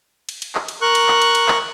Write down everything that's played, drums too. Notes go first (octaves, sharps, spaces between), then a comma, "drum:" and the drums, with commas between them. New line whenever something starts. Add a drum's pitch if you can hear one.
drum: cymbal
drum: cymbal
drum: clap
drum: cymbal
A#4 C#6 F#6
drum: cymbal
drum: clap
drum: cymbal
drum: cymbal
drum: clap